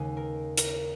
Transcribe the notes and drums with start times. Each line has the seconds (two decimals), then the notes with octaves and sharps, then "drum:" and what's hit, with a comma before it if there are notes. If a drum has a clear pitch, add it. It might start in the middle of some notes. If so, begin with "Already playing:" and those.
Already playing: D#2 C#3 G#3 G#4
0.17 A#4
0.57 A#4, drum: hi-hat